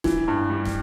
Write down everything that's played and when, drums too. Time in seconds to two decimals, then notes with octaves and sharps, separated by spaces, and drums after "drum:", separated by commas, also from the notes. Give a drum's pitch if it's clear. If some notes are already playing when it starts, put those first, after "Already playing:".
0.04 E3, drum: snare
0.28 G2
0.50 G3
0.65 drum: snare